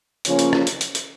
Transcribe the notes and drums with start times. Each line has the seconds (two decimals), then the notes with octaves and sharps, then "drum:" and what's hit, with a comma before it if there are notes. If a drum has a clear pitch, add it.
0.25 C#3 F3 A#3 C#4, drum: hi-hat
0.39 drum: hi-hat
0.53 drum: rim click
0.67 drum: hi-hat
0.81 drum: hi-hat
0.95 drum: hi-hat